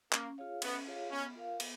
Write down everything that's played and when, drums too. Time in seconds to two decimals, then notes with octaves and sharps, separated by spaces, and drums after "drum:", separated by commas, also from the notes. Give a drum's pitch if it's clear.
0.13 A#3 C#4, drum: clap
0.38 F4 G#4 C#5 F5
0.62 B3 C#4, drum: cymbal
0.87 F4 G#4 C#5 F5
1.11 B3 C#4
1.35 F4 A#4 F5
1.60 B3, drum: cymbal